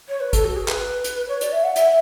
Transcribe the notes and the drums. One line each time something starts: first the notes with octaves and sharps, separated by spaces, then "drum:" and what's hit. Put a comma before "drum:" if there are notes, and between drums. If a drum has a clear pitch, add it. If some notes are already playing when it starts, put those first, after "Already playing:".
C#5
B4
A4, drum: kick G#1, hi-hat
F#4
G#4
B4, drum: clap
drum: hi-hat
C#5
D5, drum: hi-hat
E5
F#5
E5, drum: hi-hat